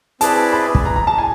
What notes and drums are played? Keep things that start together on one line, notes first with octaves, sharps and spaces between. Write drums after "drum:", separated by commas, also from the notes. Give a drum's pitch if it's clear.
C4 E4 G#4 B4 D5 A5, drum: hi-hat
B5
drum: kick
A#5
A#5
A5
G#5